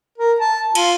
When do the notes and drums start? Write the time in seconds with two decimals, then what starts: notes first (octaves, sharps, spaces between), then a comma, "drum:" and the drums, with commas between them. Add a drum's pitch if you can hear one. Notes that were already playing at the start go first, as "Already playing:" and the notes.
0.18 A#4
0.40 A5
0.75 F4, drum: cymbal